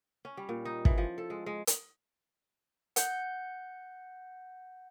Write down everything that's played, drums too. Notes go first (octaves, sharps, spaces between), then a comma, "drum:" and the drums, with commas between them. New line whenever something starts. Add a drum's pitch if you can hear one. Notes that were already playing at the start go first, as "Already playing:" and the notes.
C#4
G3
A#2
D#4
E3, drum: kick
F3
A4
G#3
G#3
drum: hi-hat
F#5 G6, drum: hi-hat